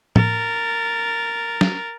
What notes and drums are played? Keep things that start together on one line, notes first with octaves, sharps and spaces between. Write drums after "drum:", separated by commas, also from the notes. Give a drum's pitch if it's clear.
A#4 A6, drum: tom A2
drum: snare